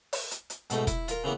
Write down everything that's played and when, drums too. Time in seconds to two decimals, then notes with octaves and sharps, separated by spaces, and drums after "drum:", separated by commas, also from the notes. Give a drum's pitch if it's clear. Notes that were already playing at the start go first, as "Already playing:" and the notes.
0.13 drum: open hi-hat
0.31 drum: hi-hat
0.50 drum: hi-hat
0.70 G#2 B2 A3 D#4, drum: hi-hat
0.87 E4, drum: kick, hi-hat
1.08 F4 A#4, drum: hi-hat
1.24 C#3 E3 A#3 B3